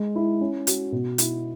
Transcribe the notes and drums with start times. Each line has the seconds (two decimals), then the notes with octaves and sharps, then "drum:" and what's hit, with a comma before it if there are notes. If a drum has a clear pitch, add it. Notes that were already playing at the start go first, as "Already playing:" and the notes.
Already playing: G#3
0.15 E4
0.41 C#4
0.67 F#4, drum: hi-hat
0.92 B2
1.18 E4, drum: hi-hat